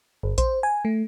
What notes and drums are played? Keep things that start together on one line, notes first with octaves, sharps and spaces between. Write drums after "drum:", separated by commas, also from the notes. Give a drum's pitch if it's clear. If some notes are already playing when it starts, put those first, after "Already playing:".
G1
C5, drum: kick A#1, hi-hat
G#5
A3